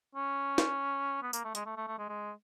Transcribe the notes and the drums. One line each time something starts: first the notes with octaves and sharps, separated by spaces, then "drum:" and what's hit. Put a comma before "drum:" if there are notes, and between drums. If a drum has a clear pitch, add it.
C#4
drum: snare
B3
A#3, drum: tambourine
A3
G#3, drum: hi-hat
A3
A3
A3
G#3
G#3